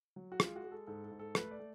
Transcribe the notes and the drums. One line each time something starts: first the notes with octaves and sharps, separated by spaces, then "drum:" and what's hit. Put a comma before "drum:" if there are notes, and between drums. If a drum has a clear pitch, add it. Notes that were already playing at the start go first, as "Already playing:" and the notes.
F#3
F#4
G#3 F4, drum: rim click
F#4
G#3
A4
G#2 A4
A4
G#2
A4
A3 B4, drum: rim click
D5
A3